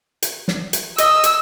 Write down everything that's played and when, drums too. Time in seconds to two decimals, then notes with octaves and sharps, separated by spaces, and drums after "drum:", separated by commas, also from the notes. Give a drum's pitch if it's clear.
0.22 drum: hi-hat
0.48 drum: snare
0.73 drum: hi-hat
0.98 D#5 E6, drum: hi-hat
1.24 drum: hi-hat